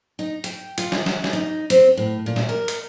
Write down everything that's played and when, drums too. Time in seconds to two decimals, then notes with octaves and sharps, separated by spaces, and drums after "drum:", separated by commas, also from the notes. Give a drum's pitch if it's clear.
0.19 D#4
0.44 G5, drum: hi-hat
0.78 F4, drum: hi-hat
0.92 drum: snare
1.06 F#5, drum: snare
1.24 drum: snare
1.33 D#4
1.70 C4, drum: hi-hat
1.97 A2
2.26 A#2
2.36 drum: snare
2.49 A#4
2.68 drum: hi-hat